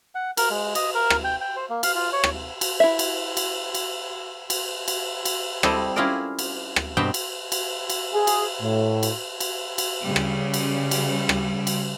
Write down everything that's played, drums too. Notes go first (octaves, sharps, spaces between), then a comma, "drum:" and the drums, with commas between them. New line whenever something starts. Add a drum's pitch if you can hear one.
F#5
A#4, drum: cymbal
G#3
D#5, drum: cymbal
A#4
drum: rim click
G5
G5
C5
A#3
F5, drum: cymbal
F4
C#5
drum: rim click
drum: cymbal
E4 E5
drum: cymbal
drum: cymbal
drum: cymbal
drum: cymbal
drum: cymbal
drum: cymbal
G3 C4 E4 A4 C5 D#5, drum: rim click
C#4 E4 F4 G#4 A#4 D5
drum: cymbal
drum: rim click
G2 B2 C4 G5 A5
drum: cymbal
drum: cymbal
drum: cymbal
G#4
drum: cymbal
A2
drum: cymbal
drum: cymbal
drum: cymbal
C#3 G3
drum: rim click
drum: cymbal
drum: cymbal
drum: rim click
drum: cymbal